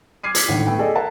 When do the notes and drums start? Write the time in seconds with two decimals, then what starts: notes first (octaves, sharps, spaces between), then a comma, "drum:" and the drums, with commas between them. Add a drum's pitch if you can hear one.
0.24 D6 F6 G#6 C7 D#7
0.35 D6 G#6 B6 C#7, drum: hi-hat
0.48 G#1 D2 A2
0.66 A3 B3 G5
0.79 G#4 A4 D5 D#5
0.95 A#4 F#5 A5 A#5